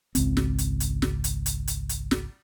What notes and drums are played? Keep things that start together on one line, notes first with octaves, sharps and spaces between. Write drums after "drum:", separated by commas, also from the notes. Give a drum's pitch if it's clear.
G#1 C#2 C4, drum: hi-hat
drum: snare
drum: hi-hat
drum: hi-hat
drum: snare
drum: hi-hat
drum: hi-hat
drum: hi-hat
drum: hi-hat
drum: snare